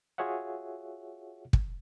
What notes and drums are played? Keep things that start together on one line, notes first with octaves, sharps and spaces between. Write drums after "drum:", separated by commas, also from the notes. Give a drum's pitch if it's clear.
F4 F#4 G#4 C#5 E5 F#5
drum: kick